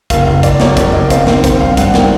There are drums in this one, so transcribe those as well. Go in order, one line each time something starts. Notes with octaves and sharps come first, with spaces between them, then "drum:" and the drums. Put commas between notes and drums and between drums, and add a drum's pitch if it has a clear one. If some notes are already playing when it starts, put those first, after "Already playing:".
F#1 F5, drum: kick, hi-hat
F#1 F5
F#1 D5, drum: kick, hi-hat
F#2 C#5, drum: snare
F#1 D5, drum: kick, hi-hat
F#1 D#5
C4 F5, drum: kick, hi-hat
D#3, drum: snare
C4, drum: kick, hi-hat
G2 F5
G2 F#5, drum: kick, hi-hat
D#3 G5, drum: snare